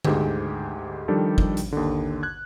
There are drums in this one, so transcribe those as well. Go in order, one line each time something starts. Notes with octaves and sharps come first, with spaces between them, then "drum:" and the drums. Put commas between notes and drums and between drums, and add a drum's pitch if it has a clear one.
D2 G#2 G4 G#4 G5, drum: tom D3
D#3 F3 G3 D4 G4 A4
drum: kick
drum: hi-hat
D#2 D3
F#6 G#6